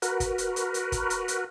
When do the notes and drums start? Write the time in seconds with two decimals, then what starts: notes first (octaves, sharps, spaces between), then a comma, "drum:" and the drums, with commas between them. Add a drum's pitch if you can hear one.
0.02 F#4 A#4 B4, drum: hi-hat
0.20 drum: kick, hi-hat
0.38 drum: hi-hat
0.56 drum: hi-hat
0.74 drum: hi-hat
0.92 drum: kick, hi-hat
1.10 drum: hi-hat
1.28 drum: hi-hat